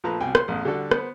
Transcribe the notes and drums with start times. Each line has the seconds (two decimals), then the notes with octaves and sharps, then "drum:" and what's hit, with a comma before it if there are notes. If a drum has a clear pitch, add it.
0.04 A#1 F3 A3 B4 A5 A#5
0.20 C2 B2 G5 G#5
0.35 C6, drum: rim click
0.48 A1 E2 D#6
0.65 D3 G3 F#4 A4
0.91 B3 C5, drum: rim click